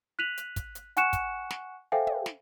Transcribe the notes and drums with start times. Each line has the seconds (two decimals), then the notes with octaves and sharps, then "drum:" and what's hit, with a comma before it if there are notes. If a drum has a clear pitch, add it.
0.19 F#6 B6 D#7 F7 F#7
0.37 drum: hi-hat
0.56 drum: kick, hi-hat
0.75 drum: hi-hat
0.97 F#5 G#5 C#6 F#6 C#7 E7, drum: hi-hat
1.13 drum: kick, hi-hat
1.51 drum: snare
1.92 A4 C5 E5 F5 G5 G#5
2.07 drum: tom
2.26 drum: snare